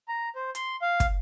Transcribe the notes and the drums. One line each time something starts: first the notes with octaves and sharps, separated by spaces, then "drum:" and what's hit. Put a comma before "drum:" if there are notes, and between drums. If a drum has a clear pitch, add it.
A#5
C5
C6, drum: hi-hat
F5
drum: kick, hi-hat